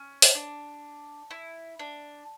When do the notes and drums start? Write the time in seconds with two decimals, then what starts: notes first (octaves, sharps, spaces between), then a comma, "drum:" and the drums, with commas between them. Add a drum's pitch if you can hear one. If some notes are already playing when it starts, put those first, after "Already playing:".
Already playing: C#4
0.22 drum: open hi-hat
0.35 D4
1.31 E4
1.79 D4